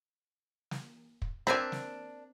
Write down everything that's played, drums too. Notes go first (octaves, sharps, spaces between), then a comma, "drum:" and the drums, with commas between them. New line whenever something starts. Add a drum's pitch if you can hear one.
drum: snare
drum: kick
C4 D4 A#4 E5 G#5 B5
drum: snare